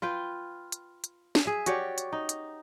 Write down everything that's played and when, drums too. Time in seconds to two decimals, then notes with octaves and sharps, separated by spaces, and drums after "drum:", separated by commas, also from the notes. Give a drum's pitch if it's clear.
0.02 F4 B4 G5
0.72 drum: hi-hat
1.04 drum: hi-hat
1.35 drum: snare
1.45 G#4 E5
1.66 F#4 G4 C#5 D5, drum: hi-hat
1.98 drum: hi-hat
2.13 D#4
2.29 drum: hi-hat